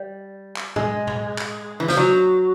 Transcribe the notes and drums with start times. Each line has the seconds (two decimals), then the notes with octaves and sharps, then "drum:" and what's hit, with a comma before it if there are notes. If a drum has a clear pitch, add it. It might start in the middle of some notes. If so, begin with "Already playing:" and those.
Already playing: G3
0.57 drum: clap
0.76 G#3, drum: tom A2
1.07 drum: tom A2
1.38 drum: clap
1.80 E3
1.88 F3, drum: snare
1.97 F#3